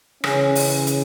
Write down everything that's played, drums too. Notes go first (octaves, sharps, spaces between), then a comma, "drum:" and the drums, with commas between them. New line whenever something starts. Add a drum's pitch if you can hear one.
C#3 E3 C#4, drum: rim click
drum: open hi-hat
drum: hi-hat